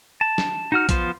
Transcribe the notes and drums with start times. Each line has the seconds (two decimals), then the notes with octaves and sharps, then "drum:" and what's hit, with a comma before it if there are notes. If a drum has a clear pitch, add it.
0.21 A5
0.38 drum: snare
0.72 D#4 F#4 F6
0.89 F3 B3 F4 C5, drum: kick, hi-hat